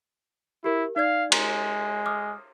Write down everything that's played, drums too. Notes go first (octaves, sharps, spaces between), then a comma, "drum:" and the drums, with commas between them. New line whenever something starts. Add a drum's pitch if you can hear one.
E4 G4 A#4
D#4 D5 F5 G#6
G#3 A#5 C6, drum: cymbal
D6 D#6 F6